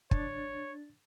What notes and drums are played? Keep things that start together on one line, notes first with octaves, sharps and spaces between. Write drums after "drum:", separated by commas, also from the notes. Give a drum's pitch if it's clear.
D4 C#5 A6, drum: kick